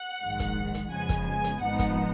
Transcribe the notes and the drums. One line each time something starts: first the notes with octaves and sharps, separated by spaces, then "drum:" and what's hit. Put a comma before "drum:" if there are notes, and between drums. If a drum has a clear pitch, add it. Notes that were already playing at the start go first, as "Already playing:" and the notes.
Already playing: F#5
A#1 G#2 D#3 G#3
drum: kick, hi-hat
drum: hi-hat
F2 C#3 F3 G#3 B3 G#5
drum: kick, hi-hat
G#5
drum: hi-hat
G#1 G#2 F3 B3 D#4 F#5
drum: kick, hi-hat